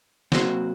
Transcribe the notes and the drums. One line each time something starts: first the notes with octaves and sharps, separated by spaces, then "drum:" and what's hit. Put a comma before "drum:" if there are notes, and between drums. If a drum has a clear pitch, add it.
C3 F#3 A#3 F#4 C5, drum: snare